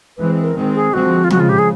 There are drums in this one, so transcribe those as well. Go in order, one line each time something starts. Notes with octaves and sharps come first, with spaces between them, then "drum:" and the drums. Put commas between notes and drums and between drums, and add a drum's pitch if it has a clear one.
E3 G#3 C4 B4
A#4
D#3 G#3 C4
G#4
D3 F3 G#3 C4 F#4
F4
C#3 F3 G#3 F#4, drum: tom
F4
G4
G#4